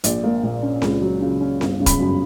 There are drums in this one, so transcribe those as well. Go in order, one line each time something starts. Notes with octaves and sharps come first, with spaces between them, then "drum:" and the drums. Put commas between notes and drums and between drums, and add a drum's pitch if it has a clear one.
A#1 D5, drum: hi-hat
A#3
A#2
C#4
C#2, drum: snare C4
F#3
C#3
C#4
G1, drum: snare C4
C#3
B5, drum: kick, hi-hat
F#2